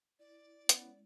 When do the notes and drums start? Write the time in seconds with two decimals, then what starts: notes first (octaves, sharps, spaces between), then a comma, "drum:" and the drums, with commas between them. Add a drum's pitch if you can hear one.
0.19 E4 D5
0.69 B3 C#4 E4 C#5, drum: hi-hat
0.84 G#3